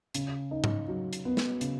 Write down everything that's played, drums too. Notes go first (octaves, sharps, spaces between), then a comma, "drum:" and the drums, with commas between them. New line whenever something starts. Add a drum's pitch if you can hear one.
C#3, drum: hi-hat
D#4
drum: tom G#2
F#3
drum: hi-hat
B3
drum: snare
C#3, drum: hi-hat